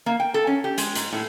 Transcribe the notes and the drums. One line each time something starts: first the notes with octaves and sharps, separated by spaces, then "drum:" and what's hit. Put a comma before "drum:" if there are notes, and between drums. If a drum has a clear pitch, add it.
A#3
G5
A4
C#4
G4
G#3, drum: hi-hat
G#2, drum: hi-hat
A2